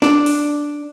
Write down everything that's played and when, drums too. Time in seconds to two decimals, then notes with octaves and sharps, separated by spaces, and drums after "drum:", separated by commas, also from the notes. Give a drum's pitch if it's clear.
0.02 D4, drum: snare
0.26 drum: open hi-hat